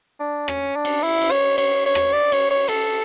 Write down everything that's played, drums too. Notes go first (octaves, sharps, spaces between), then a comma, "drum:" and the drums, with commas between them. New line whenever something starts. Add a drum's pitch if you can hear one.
D4
C#4, drum: rim click
D4
drum: cymbal
E4
drum: cymbal
C#5
C#5, drum: cymbal
C#5
drum: rim click
D5
C#5, drum: cymbal
C#5
A4, drum: cymbal